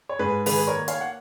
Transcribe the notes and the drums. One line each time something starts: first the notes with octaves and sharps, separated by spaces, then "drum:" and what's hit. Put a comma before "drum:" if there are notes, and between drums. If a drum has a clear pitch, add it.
C#5
G#2 G#4 B4
D#3 G#4 B4, drum: open hi-hat
B4
A#4 C#5
A#3
C#5 F5, drum: hi-hat
F#5